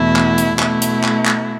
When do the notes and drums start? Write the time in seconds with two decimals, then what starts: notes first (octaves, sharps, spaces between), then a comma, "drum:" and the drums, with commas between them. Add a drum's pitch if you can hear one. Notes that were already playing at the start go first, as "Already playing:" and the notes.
Already playing: E2 B2 A3 E4
0.16 drum: clap
0.38 drum: hi-hat
0.59 B2 A3 E4, drum: clap
0.82 drum: hi-hat
1.04 drum: clap
1.26 drum: clap